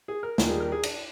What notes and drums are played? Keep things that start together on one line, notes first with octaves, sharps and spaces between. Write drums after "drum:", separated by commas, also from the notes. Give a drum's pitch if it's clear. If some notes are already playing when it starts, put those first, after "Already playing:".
G#4
A#4
D#2 D#3 G3 D4 F4, drum: snare
G#4
A#4
G#4
D4, drum: cymbal